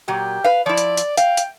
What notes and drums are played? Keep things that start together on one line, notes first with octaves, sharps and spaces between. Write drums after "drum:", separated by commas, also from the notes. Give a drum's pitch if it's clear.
A#2 F#3 G4
B4 F5
F3 E4 D5
drum: hi-hat
drum: hi-hat
F5 G5, drum: hi-hat
drum: hi-hat